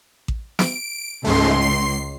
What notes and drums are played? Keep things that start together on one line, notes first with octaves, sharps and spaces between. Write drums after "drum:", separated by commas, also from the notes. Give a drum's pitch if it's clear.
drum: kick A1
D7, drum: snare
C#2 G#2 G#3 A3 C6
C7